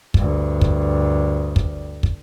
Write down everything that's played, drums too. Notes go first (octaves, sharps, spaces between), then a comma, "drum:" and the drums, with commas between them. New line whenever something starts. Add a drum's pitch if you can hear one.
D2 G2, drum: kick
drum: kick
drum: kick
drum: kick